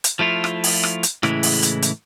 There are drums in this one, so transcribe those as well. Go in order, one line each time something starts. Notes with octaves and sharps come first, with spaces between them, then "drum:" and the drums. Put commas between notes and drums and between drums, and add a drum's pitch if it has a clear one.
drum: hi-hat
F3 A3 E4 F4
drum: rim click
drum: open hi-hat
drum: rim click
drum: hi-hat
A2 C#3 E3 G#3 E4, drum: rim click
drum: open hi-hat
drum: hi-hat
drum: hi-hat